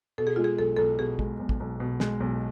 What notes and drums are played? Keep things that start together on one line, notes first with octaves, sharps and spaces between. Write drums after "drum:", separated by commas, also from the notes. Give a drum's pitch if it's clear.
B2 A4
G#4
G#3 F4
G#4
B1 A4
B1 A4
B2 G#4
G#3, drum: kick
B1
drum: kick
B1
B2
G#3, drum: snare
B1